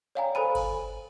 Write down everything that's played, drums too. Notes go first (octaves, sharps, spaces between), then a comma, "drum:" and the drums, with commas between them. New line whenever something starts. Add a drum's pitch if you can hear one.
C#5 D5 F5 G5 G#5 A#5
A4 C5 G#5 B5 D#7
drum: kick G1, cymbal